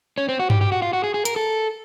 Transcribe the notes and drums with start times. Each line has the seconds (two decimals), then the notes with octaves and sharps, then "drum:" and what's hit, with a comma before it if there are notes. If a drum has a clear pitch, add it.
0.18 C#4
0.29 C4
0.39 F#4
0.50 G4, drum: tom G2
0.61 G4
0.72 F#4
0.82 F4
0.93 F#4
1.04 G#4
1.14 G#4
1.25 A#4, drum: hi-hat
1.36 A4